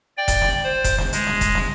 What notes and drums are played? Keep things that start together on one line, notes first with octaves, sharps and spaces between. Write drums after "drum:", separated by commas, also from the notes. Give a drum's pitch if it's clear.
D5 G5
drum: kick E1, hi-hat
drum: snare
C5
drum: kick E1, hi-hat
drum: snare
G#3, drum: hi-hat
drum: snare
drum: kick E1, hi-hat
drum: snare